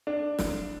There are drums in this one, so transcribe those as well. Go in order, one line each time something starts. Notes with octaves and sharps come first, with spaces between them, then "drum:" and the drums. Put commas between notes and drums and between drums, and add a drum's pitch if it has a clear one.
D4
drum: snare